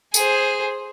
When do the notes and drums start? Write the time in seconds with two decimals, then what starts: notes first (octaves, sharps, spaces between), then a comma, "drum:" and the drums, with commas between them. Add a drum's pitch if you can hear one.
0.14 G#4 C5, drum: tambourine